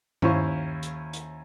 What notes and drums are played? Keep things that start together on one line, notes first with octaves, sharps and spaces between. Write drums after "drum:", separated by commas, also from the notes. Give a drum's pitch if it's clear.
D#2 C#4 E4 C5 F5 C#6, drum: tom G2
drum: hi-hat
drum: hi-hat